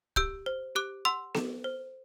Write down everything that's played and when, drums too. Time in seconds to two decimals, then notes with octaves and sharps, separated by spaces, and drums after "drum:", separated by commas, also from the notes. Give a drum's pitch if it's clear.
0.16 G4 E6 G6, drum: kick
0.46 C5
0.75 G4 D6 F#6
1.05 F#5 C6 E6
1.35 A4, drum: snare B3
1.64 C5